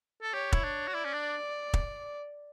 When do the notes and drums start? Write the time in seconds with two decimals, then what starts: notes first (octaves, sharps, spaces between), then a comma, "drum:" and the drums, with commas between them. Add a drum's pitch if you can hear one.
0.22 A4
0.33 G4 C#5
0.52 E4, drum: kick
0.64 D4
0.88 F#4
0.93 E4 D5
1.05 C#4
1.13 D4
1.74 drum: kick